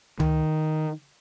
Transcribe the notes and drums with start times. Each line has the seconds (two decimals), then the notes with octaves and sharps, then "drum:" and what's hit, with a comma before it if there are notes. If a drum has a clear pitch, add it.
0.20 D#3, drum: tom C#2